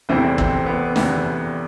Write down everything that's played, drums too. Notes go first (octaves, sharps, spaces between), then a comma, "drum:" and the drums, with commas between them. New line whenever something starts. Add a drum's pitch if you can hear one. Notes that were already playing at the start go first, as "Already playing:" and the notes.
F1 E2 C3 E3 C4
C4, drum: kick
B3
F1 E2 C3 E3 B3, drum: snare